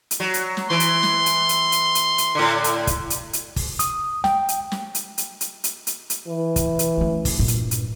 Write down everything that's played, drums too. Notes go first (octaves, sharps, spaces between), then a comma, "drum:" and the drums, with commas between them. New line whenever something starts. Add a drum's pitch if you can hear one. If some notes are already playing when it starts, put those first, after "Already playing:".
drum: hi-hat
F#3
drum: hi-hat
drum: snare
E3 C6
drum: hi-hat
drum: snare
drum: hi-hat
drum: hi-hat
drum: hi-hat
drum: hi-hat
drum: hi-hat
A2 D3
drum: hi-hat
drum: kick, hi-hat
drum: hi-hat
drum: hi-hat
drum: kick, open hi-hat
D#6, drum: hi-hat
G5, drum: snare
drum: hi-hat
drum: snare
drum: hi-hat
drum: hi-hat
drum: hi-hat
drum: hi-hat
drum: hi-hat
drum: hi-hat
E3
drum: kick, hi-hat
drum: hi-hat
A3 C#4
drum: kick, open hi-hat
G2 A#2
drum: hi-hat
drum: hi-hat